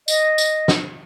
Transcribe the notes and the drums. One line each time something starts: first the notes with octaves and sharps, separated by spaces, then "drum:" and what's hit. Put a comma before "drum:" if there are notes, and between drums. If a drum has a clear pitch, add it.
D#5, drum: tambourine
drum: tambourine
drum: snare